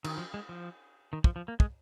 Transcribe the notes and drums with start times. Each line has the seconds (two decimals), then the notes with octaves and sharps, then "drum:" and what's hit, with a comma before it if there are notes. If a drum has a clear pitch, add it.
0.04 D#3, drum: cymbal
0.18 F3
0.34 G#3
0.49 F3
1.13 D#3
1.24 F3, drum: kick
1.36 F3
1.48 A#3
1.60 G#3, drum: kick